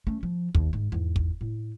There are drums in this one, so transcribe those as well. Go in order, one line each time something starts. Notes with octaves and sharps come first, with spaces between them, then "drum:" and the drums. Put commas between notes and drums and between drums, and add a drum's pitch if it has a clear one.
A3 C#4
F3
D#2, drum: kick
G#2
E2 G#2
drum: kick
A2